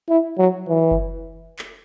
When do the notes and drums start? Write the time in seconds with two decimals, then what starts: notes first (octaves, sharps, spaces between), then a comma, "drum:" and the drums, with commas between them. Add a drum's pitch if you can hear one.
0.09 E4
0.38 F#3
0.69 E3
0.91 drum: kick F#1
1.59 drum: clap